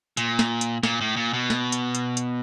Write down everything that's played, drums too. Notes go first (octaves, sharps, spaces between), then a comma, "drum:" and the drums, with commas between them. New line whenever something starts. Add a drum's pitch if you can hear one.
A#2, drum: hi-hat
drum: snare
drum: hi-hat
A#2, drum: snare
A2
A#2
B2
drum: snare
drum: hi-hat
drum: hi-hat
drum: hi-hat